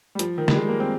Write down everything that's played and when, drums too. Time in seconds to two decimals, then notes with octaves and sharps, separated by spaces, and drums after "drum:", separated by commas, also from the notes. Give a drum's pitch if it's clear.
0.15 G3
0.19 F3, drum: hi-hat
0.38 D#3
0.48 G3, drum: snare
0.56 G#3
0.68 A#3
0.80 C4